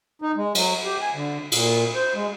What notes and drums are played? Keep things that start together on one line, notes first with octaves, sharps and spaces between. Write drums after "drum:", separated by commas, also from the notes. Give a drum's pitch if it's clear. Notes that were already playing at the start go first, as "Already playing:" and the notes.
D#4
G#3
F#3, drum: cymbal
G4
G#5
D3
A#2, drum: cymbal
C5
G#3